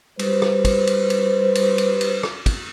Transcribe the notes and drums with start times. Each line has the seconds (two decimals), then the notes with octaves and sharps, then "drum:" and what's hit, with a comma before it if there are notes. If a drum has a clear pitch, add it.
0.19 G3 B4 C5, drum: cymbal
0.42 drum: rim click
0.65 drum: kick, cymbal
0.87 drum: cymbal
1.10 drum: cymbal
1.55 drum: cymbal
1.78 drum: cymbal
2.01 drum: cymbal
2.23 drum: rim click
2.46 drum: kick, cymbal